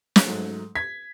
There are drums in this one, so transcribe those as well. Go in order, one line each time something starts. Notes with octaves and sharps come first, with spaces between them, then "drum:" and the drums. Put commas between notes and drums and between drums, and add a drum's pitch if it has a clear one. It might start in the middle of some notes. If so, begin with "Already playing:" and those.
drum: snare
G#2 F#3 A3
G#6 B6